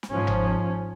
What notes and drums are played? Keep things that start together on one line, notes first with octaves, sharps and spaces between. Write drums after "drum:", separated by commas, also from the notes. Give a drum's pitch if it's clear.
drum: snare
G#2 F3 C#4
drum: tom G1